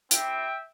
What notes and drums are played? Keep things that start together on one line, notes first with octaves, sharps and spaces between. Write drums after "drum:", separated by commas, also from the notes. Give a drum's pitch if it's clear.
C4 E4 G4 E5 G5, drum: hi-hat